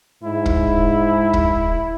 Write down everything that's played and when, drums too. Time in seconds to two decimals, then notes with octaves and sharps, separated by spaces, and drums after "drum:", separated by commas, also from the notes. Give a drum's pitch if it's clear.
0.24 G#2 E4
0.46 drum: kick
1.33 drum: kick